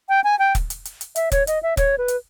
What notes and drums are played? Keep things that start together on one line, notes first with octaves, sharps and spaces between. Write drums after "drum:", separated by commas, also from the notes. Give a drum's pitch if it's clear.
G5
G#5
G5
drum: kick, hi-hat
drum: hi-hat
drum: hi-hat
drum: hi-hat
E5, drum: hi-hat
C#5, drum: kick, hi-hat
D#5, drum: hi-hat
E5
C#5, drum: kick, hi-hat
B4
drum: hi-hat